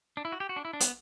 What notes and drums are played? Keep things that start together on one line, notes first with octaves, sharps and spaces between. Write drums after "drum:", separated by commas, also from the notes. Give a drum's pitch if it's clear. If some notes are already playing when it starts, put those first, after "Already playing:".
D4
E4
F#4
G4
F#4
D4
E4
D4
B3, drum: hi-hat